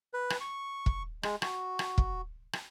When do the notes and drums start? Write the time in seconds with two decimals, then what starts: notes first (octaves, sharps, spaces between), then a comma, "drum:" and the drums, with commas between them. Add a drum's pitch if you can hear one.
0.13 B4
0.30 drum: rim click
0.41 C#6
0.86 drum: kick
1.23 G#3, drum: rim click
1.42 F#4, drum: rim click
1.79 drum: rim click
1.98 drum: kick
2.53 drum: rim click